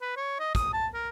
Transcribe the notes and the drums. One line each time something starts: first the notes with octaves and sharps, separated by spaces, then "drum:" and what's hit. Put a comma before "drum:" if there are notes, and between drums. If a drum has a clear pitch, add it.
B4
C#5
D#5
D#6, drum: kick, hi-hat
A5
A#4